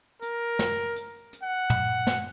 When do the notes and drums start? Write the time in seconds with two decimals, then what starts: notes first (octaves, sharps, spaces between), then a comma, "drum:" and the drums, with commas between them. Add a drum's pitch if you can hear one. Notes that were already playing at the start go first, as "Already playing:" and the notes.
0.22 A#4, drum: hi-hat
0.59 drum: snare
0.96 drum: hi-hat
1.33 drum: hi-hat
1.43 F#5
1.70 drum: tom
2.07 drum: snare